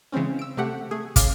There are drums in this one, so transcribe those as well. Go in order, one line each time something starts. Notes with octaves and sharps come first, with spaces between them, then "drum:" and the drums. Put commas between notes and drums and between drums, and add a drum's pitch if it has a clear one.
C#3 E3 G#3 C4 C#4
E6 D7
C3 A3 G4 F#5
A3 G#4
C#3 F5 D6, drum: kick, hi-hat